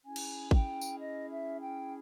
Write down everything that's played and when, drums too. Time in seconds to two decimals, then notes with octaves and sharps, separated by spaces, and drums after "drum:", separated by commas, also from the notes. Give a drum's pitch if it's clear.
0.04 C#4 E4 G#4 G#5
0.16 drum: cymbal
0.51 G5, drum: kick
0.81 drum: tambourine
0.98 D#5
1.30 E5
1.60 G5